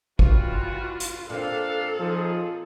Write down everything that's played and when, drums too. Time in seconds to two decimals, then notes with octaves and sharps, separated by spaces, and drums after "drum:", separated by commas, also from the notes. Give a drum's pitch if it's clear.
0.19 E3 G3 F4 F#4, drum: kick
1.00 drum: hi-hat
1.30 A#2 C4 D4 F4 A4 F5
2.00 D#2 F3 D#4 G#4